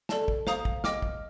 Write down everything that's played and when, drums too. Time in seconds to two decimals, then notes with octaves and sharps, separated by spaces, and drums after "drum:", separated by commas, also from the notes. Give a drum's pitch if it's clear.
0.09 A4 D5 A5, drum: snare
0.28 drum: kick
0.47 C5 F5 A#5 D#6, drum: snare
0.65 drum: kick
0.84 D#5 G5 D6 F6, drum: snare
1.02 drum: kick